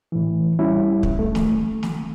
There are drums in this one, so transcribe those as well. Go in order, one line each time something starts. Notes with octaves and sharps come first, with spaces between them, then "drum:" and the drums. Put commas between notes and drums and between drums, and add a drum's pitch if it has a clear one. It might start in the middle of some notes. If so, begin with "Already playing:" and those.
A2 E3
G3 C#4 E4
drum: kick
A3
drum: snare
drum: snare